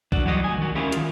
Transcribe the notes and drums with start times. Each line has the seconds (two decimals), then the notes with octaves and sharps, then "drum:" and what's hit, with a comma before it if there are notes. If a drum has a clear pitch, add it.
0.12 D4 F#4, drum: kick
0.25 E3 F#3 G3 G4 A#4 D#5
0.44 D2 G#5
0.58 D#3 F#4
0.75 G#3 C#4 E4 F4 G4 A#4
0.92 D#3 F4, drum: hi-hat